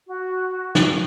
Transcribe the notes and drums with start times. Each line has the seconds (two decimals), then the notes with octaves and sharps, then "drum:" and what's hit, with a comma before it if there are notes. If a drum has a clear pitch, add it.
0.07 F#4
0.75 drum: snare